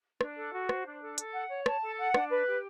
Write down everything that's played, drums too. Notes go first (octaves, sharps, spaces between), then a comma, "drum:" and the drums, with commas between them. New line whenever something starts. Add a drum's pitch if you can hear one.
D4, drum: rim click
A4
F#4
C5, drum: rim click
D4
A4
A4, drum: hi-hat
F#5
C#5
A5, drum: rim click
A4
F#5
D4, drum: rim click
B4
G4